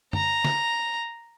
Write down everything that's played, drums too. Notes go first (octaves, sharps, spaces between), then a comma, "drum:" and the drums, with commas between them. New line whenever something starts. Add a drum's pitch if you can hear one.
A#5, drum: tom F#2
drum: snare